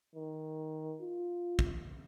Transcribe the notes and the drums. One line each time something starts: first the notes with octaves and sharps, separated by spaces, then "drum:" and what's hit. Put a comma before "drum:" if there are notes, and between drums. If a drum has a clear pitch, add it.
D#3
F4
drum: kick